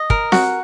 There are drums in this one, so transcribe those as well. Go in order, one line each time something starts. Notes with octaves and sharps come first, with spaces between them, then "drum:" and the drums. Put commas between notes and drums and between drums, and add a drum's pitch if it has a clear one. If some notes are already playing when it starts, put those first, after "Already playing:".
Already playing: D#5
A#4, drum: kick
F#4, drum: snare C4